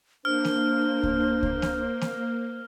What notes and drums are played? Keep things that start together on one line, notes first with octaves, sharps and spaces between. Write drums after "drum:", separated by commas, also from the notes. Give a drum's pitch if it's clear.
A#3 D4 C5 F6
drum: snare A#3
drum: kick C#2
drum: kick C#2
drum: snare A#3
drum: snare A#3